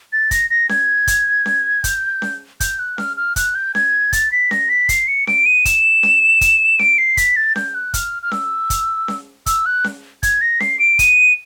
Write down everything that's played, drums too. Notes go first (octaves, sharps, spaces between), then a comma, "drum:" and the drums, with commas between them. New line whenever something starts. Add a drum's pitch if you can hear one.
A6
A#6, drum: kick, hi-hat
A#6
G#6, drum: snare C#4
drum: kick, hi-hat
drum: snare C#4
G6, drum: kick, hi-hat
drum: snare C#4
G6, drum: kick, hi-hat
F#6
F6, drum: snare C#4
F6
F#6, drum: kick, hi-hat
G6
G#6, drum: snare C#4
A6, drum: kick, hi-hat
B6
A#6, drum: snare C#4
B6
C7, drum: kick, hi-hat
C#7
D7, drum: snare C#4
D#7
E7, drum: kick, hi-hat
drum: snare C#4
drum: kick, hi-hat
D7, drum: snare C#4
C7
B6, drum: kick, hi-hat
A6
G6, drum: snare C#4
F#6
F6, drum: kick, hi-hat
F6
E6, drum: snare C#4
drum: kick, hi-hat
drum: snare C#4
E6, drum: kick, hi-hat
F#6
drum: snare C#4
G#6, drum: kick, hi-hat
A#6
C7, drum: snare C#4
D7
D#7, drum: kick, hi-hat